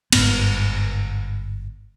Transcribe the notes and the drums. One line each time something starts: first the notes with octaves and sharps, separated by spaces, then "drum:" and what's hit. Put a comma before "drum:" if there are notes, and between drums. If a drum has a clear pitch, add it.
G1 G#2 B3, drum: cymbal